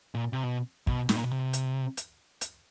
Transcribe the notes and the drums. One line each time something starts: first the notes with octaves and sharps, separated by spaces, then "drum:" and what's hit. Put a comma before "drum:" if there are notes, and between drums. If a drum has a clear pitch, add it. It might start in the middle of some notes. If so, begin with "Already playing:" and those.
A#2
C3
B2
B2, drum: kick
A2, drum: snare
A#2
B2
C3
drum: hi-hat
drum: hi-hat
drum: hi-hat